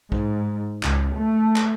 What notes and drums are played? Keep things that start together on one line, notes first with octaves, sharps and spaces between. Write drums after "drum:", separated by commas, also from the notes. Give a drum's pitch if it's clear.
G#2, drum: kick
C#2, drum: clap
A3
drum: clap